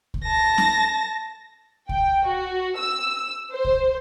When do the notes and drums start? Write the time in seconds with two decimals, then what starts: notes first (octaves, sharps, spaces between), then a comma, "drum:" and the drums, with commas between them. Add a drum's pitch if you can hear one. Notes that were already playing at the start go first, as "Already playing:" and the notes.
0.14 drum: kick C2
0.25 A5 A#6
0.58 drum: snare
1.89 G5, drum: kick C2
2.25 F#4
2.77 E6
3.52 C5
3.65 drum: kick C2